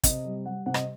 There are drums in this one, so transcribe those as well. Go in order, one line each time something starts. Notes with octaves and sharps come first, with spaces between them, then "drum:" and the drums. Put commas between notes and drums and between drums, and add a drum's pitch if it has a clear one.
C3 D#5, drum: kick, hi-hat
G3
G3 F#5
C3 F#5
D#5, drum: rim click